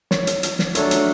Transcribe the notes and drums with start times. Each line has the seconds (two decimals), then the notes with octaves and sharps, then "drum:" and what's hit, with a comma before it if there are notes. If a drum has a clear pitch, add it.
0.11 C#5, drum: snare
0.27 drum: hi-hat
0.43 drum: hi-hat
0.59 drum: snare
0.75 F#3 A3 D4 A4 C#5, drum: hi-hat
0.91 drum: hi-hat